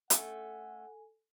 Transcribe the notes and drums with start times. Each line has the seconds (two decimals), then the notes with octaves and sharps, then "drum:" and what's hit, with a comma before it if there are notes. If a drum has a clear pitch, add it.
0.10 A3 C#4 A4 F#5 G#5, drum: hi-hat